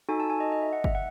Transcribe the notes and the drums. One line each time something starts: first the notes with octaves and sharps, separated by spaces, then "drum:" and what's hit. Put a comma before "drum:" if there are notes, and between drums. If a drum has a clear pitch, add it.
D#4 F#4 A4 G#5
A5
G#5
D#5
D#5
E5
F#5
E5, drum: kick G1
F#5